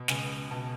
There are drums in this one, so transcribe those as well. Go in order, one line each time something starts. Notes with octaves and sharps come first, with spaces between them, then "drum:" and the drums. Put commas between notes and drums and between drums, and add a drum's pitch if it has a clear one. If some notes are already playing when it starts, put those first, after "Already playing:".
Already playing: B2
C#2 G#5, drum: snare
B2 A5